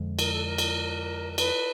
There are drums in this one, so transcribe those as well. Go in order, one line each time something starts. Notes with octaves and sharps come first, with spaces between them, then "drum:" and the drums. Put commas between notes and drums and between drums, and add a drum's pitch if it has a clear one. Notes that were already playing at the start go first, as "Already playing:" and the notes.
Already playing: F2 D3 F3 G#3
A#4, drum: cymbal
A4
A#4
drum: cymbal
A#4
B4, drum: cymbal